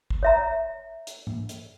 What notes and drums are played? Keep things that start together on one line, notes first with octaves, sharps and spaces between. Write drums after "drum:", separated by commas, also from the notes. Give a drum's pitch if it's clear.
drum: kick
C#5 E5 A#5
drum: hi-hat
drum: tom G#2
drum: hi-hat